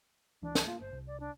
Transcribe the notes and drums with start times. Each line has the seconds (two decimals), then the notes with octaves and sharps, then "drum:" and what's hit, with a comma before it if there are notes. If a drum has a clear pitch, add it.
0.42 C#2 E3 D4
0.55 drum: snare
0.67 A#3 F4
0.81 G1 C5
0.92 C2
1.07 D5
1.20 D4